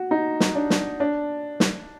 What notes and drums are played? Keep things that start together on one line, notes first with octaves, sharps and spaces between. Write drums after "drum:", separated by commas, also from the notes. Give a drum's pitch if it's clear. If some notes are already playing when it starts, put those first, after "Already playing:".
Already playing: F#4
D#4
drum: snare
D4
drum: snare
D4
drum: snare